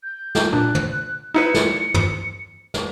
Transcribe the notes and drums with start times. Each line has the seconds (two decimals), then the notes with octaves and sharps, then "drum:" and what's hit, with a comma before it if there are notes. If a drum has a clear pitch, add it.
0.03 G6
0.35 drum: snare
0.53 A#2 D4 F#6
0.75 drum: tom
1.34 D#4 E4 B4 C#7
1.54 drum: snare
1.94 drum: tom
2.74 drum: snare